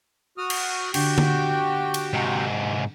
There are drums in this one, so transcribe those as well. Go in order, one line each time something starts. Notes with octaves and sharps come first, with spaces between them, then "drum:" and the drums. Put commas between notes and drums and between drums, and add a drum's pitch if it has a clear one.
F#4 D#6 F6
drum: cymbal
D3 F#4 G4 G5, drum: cymbal
drum: tom D3
drum: cymbal
G#2 C3